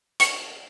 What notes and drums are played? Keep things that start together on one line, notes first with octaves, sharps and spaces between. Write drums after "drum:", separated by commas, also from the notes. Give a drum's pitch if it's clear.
C#6, drum: hi-hat